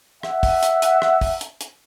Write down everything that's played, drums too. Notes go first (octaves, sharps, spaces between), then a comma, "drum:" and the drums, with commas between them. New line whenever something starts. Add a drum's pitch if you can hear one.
E5 F#5, drum: rim click
drum: kick, open hi-hat
drum: hi-hat
drum: hi-hat
drum: rim click
drum: kick, open hi-hat
drum: hi-hat
drum: hi-hat